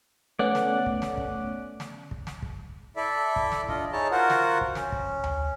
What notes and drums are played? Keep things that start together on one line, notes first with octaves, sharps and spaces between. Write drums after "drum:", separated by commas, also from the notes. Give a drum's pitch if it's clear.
A3 B3 C#4 D5 F#5
drum: snare
drum: kick
drum: snare
drum: kick
drum: snare
drum: kick
drum: snare
drum: kick
E4 A4 D5 E5
drum: kick
drum: snare
D4 F4 D#5, drum: kick
D#4 E4 G#4 C#5 A5
F4 F#4 A#4 C5 F#5
drum: snare
drum: kick
C#4, drum: snare
drum: kick
drum: tom D2